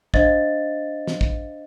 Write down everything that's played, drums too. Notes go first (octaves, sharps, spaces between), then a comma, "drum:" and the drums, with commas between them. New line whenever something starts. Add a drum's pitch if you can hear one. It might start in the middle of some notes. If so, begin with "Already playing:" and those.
D4 C5 D#5 F5 A6, drum: kick
drum: snare
drum: kick